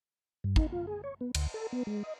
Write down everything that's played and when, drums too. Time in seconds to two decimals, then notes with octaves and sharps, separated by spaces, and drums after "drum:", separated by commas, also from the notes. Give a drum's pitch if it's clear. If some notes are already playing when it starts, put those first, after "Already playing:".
0.44 G2
0.56 D#4, drum: kick
0.72 F4
0.87 G#4
1.04 C#5
1.21 B3
1.35 D2, drum: cymbal
1.54 A4
1.72 B3
1.87 G#3
2.03 D#5